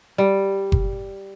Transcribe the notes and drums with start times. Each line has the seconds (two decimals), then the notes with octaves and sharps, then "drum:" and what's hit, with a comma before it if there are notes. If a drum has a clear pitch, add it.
0.18 G3
0.72 drum: kick F#1